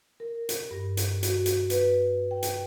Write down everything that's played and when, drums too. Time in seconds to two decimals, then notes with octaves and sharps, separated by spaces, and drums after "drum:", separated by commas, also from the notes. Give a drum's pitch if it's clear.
0.20 A#4
0.49 drum: hi-hat
0.71 G2
0.97 drum: hi-hat
1.23 F#4, drum: hi-hat
1.46 drum: hi-hat
1.70 B4, drum: hi-hat
2.31 G5
2.43 drum: hi-hat